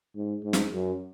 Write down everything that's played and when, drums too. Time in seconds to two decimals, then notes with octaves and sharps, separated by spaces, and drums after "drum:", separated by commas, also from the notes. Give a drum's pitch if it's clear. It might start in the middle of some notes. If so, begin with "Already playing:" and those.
0.16 G#2
0.43 G#2
0.53 drum: snare
0.72 F#2